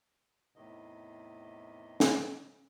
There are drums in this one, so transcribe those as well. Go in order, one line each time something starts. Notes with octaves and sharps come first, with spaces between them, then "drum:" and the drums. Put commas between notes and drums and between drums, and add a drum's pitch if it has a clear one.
E2 A2 C3 D#3 D#5
drum: snare